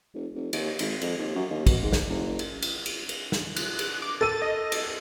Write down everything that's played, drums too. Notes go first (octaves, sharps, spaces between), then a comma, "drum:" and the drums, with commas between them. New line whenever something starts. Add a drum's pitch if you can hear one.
F1
F1
D#2, drum: cymbal
G#1, drum: cymbal
F2, drum: cymbal
D#2
F#2
D#2
B2, drum: kick, cymbal
G#2
drum: snare
F#1
drum: cymbal
drum: cymbal
drum: cymbal
drum: cymbal
drum: snare
F#6, drum: cymbal
drum: cymbal
D6
A4 E6 A6 D#7
D#5
drum: cymbal